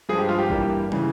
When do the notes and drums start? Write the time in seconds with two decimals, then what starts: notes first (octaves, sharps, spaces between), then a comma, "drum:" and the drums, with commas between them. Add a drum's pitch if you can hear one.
0.09 G2 F3 G#3 G#4
0.19 G4
0.29 F4
0.39 G4
0.50 G2 E3 G3 A#3, drum: kick A1
0.92 C#3 E3, drum: tom